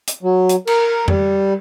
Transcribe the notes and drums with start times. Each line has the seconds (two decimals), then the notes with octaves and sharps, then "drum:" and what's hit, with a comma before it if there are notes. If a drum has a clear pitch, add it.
0.07 drum: hi-hat
0.23 F#3
0.49 drum: hi-hat
0.67 A#4, drum: cymbal
1.08 G3, drum: tom F2